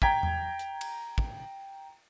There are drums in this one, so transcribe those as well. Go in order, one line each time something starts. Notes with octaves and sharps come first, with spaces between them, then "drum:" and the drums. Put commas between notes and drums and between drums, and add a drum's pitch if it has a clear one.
G5 A#5 G#6 B6, drum: kick
drum: tom E2
drum: hi-hat
drum: cymbal
drum: kick